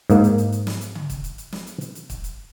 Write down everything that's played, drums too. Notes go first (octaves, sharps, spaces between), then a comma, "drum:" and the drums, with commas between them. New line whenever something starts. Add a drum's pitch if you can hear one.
G#2 A#3, drum: hi-hat
drum: hi-hat
drum: hi-hat
drum: hi-hat
drum: snare
drum: hi-hat
drum: tom C#3
drum: kick, hi-hat
drum: hi-hat
drum: hi-hat
drum: snare
drum: hi-hat
drum: hi-hat
drum: hi-hat
drum: kick, hi-hat
drum: hi-hat